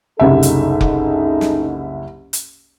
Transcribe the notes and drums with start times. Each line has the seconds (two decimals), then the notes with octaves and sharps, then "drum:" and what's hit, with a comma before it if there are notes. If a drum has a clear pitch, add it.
0.19 F#1 C2 D#4 G#4 A4 E5
0.43 drum: hi-hat
0.81 drum: kick F1
1.41 drum: snare
2.33 drum: hi-hat